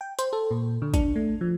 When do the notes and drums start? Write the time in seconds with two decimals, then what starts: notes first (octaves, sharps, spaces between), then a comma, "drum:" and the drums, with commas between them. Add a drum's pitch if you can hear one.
0.01 G5
0.19 C5, drum: hi-hat
0.33 A4
0.51 A#2
0.82 D3
0.94 D4, drum: kick, hi-hat
1.16 A3
1.41 F3